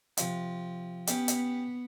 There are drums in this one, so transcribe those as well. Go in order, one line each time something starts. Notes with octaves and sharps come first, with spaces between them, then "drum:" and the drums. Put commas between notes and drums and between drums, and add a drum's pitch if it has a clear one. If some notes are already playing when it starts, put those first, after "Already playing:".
C3 F3, drum: hi-hat
B3 C#4 G4, drum: hi-hat
drum: hi-hat